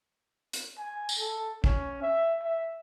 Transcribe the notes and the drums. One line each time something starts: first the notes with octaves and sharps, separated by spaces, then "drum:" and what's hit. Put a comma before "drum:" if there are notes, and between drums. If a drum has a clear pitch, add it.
drum: hi-hat
G#5
drum: tambourine
A4
C#4, drum: kick
E5
E5